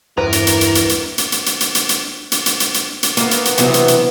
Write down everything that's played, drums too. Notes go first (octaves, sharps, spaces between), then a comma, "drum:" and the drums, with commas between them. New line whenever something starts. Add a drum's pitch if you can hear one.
E2 G2 E4 A#4 B4 D6
drum: hi-hat
drum: hi-hat
drum: hi-hat
drum: hi-hat
drum: hi-hat
drum: hi-hat
drum: hi-hat
drum: hi-hat
drum: hi-hat
drum: hi-hat
drum: hi-hat
drum: hi-hat
drum: hi-hat
drum: hi-hat
drum: hi-hat
drum: hi-hat
A#3 B3, drum: hi-hat
drum: hi-hat
drum: hi-hat
C3 E3 F#3 B3, drum: hi-hat
drum: hi-hat
drum: hi-hat